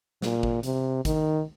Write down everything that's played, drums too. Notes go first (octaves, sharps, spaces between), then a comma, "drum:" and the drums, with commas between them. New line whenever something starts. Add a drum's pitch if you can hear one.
A#2, drum: snare
drum: kick
C3, drum: hi-hat
D#3, drum: kick, hi-hat